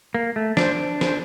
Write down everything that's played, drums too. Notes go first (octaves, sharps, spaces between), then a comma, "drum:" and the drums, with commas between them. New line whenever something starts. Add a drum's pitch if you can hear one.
A#3
A3
D4 C5, drum: snare
C5, drum: snare